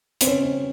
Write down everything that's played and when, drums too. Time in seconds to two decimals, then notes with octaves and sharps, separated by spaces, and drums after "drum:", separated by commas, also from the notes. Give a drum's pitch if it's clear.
0.21 C4, drum: hi-hat
0.27 C#4
0.43 C4